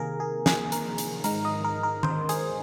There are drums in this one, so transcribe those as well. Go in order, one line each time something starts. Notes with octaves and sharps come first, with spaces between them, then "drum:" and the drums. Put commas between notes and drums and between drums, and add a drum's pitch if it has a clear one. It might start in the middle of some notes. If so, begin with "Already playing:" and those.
Already playing: C3 D#3 A#3 G#4 A#4
G#4
G#4, drum: snare
A#4, drum: hi-hat
drum: hi-hat
G#2 D#3 G#3 A#4, drum: hi-hat
D#5
A#4
A#4
C5, drum: tom D#3
G#4, drum: hi-hat